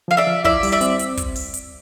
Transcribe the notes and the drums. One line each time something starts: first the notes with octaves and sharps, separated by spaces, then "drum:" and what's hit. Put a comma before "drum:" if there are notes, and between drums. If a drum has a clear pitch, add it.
F3 F5
D5 E5
F3
E4 D5 E5, drum: kick
G3, drum: open hi-hat
D5 E5
C4, drum: hi-hat
drum: hi-hat
drum: kick, hi-hat
drum: open hi-hat
drum: hi-hat